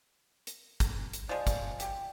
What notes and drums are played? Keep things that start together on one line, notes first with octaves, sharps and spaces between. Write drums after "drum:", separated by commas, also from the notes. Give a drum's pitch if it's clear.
drum: hi-hat
drum: kick, hi-hat
drum: hi-hat
F3 G#3 D5
drum: kick, hi-hat
G5, drum: hi-hat